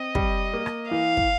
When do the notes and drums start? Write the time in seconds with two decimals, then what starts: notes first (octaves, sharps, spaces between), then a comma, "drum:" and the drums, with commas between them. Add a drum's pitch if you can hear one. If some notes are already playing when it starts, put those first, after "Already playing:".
Already playing: C4 D#5
0.15 G3, drum: kick
0.54 A#3
0.66 drum: rim click
0.91 E3 F5
1.17 drum: kick